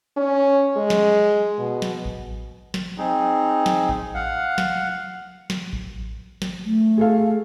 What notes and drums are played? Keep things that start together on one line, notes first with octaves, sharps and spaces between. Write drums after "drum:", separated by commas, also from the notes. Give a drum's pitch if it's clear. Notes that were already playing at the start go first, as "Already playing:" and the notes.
C#4
G#3
drum: snare
B2
drum: snare
drum: kick A1
drum: snare
C4 D#4 G#4
drum: snare
drum: kick A1
F5 F#5
drum: snare
drum: snare
drum: kick A1
drum: snare
A3
G#4 A4 F5